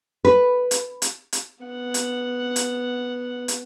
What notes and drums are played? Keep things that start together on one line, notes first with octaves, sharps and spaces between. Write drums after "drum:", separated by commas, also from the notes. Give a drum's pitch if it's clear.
B4
drum: hi-hat
drum: hi-hat
drum: hi-hat
B3 F#5
drum: hi-hat
drum: hi-hat
drum: hi-hat